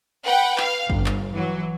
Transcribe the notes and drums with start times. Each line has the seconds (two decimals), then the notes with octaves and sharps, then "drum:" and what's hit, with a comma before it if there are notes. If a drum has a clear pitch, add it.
0.25 B4 F#5 G5
0.58 F5, drum: clap
0.90 G1, drum: kick G#1
1.06 drum: clap
1.35 E3 F#3